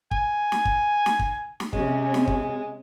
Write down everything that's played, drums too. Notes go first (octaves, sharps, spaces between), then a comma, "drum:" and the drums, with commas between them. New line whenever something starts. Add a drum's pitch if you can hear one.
G#5, drum: kick
drum: snare
drum: kick
drum: snare
drum: kick
drum: snare
C3 G#3 C#4, drum: kick
drum: snare
drum: kick